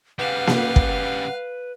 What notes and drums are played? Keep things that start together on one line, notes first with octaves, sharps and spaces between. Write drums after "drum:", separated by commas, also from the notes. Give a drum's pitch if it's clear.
C#3 G3 B4 F5 F#5
drum: snare A#3
drum: kick